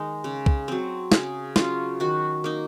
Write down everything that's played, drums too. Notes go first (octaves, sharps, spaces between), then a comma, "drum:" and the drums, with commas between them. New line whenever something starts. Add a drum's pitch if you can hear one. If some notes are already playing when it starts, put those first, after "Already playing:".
Already playing: D#3 G#3 D#4 A#4
C#3
drum: kick
F#3 C4
C#3 G#4, drum: snare
F#3 C#4 F4, drum: snare
D#3 F#4
A#3 D#4